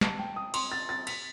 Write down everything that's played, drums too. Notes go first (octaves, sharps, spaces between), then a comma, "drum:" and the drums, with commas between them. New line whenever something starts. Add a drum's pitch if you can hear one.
A5, drum: snare
G5
D#6
C6, drum: cymbal
A6
A6
B6, drum: cymbal